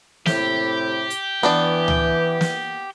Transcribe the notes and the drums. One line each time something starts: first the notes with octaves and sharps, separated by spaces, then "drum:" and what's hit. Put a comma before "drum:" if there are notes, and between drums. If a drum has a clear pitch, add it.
A2 C3 E4 G4, drum: snare
drum: hi-hat
E3 B3 D4 D5
drum: tom C#2
drum: snare